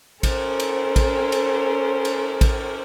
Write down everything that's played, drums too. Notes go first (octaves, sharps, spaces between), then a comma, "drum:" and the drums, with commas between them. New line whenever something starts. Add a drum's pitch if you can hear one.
C#4 A4 A#4 C5, drum: kick A1, cymbal
drum: cymbal
drum: kick A1, cymbal
drum: cymbal
drum: cymbal
drum: kick A1, cymbal